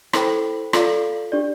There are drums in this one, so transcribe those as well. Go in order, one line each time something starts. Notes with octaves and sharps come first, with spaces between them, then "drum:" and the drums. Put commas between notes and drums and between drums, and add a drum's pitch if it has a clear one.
E4 A4 C5 G5 B5, drum: rim click
F4 A4 D5 F5, drum: rim click
D4 G4 D5